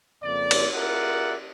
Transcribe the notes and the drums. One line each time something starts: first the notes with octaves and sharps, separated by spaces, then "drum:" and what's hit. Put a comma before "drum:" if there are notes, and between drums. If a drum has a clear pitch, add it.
F2 C#3 A#3 D5
drum: cymbal
F4 G#4 A#4 D5 E5 F#5